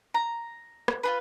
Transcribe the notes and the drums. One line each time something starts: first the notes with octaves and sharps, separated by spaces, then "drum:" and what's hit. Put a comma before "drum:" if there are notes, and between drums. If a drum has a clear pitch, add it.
A#5
drum: rim click
F4 G#4 B4